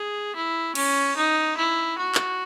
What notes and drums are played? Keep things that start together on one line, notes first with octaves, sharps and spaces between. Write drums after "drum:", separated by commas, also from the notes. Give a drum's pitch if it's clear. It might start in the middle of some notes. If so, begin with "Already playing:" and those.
Already playing: G#4
E4
C#4, drum: cymbal
D#4
E4
F#4
drum: clap